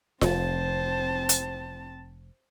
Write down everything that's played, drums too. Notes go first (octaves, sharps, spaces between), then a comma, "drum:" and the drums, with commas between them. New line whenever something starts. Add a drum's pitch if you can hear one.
F1 C4 C5 A5, drum: snare F4
drum: hi-hat